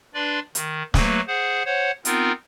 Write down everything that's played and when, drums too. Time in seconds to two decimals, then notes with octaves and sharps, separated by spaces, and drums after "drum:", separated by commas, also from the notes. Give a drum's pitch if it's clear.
0.14 D4 B4 D5 C6
0.55 D#3, drum: hi-hat
0.94 F#3 A3 A#3 B4, drum: snare
1.27 G#4 C5 F#5
1.66 C5 C#5 F#5
2.05 B3 C4 D#4 F4 A#4, drum: hi-hat